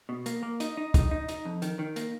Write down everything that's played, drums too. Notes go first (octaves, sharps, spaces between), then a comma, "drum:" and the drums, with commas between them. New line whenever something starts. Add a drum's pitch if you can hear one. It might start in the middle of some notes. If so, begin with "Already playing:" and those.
B2
A#3, drum: hi-hat
A#3
D#4, drum: hi-hat
D#4
D#4, drum: kick, hi-hat
D#4
D#4, drum: hi-hat
F2
D#3, drum: hi-hat
D#3
A#3, drum: hi-hat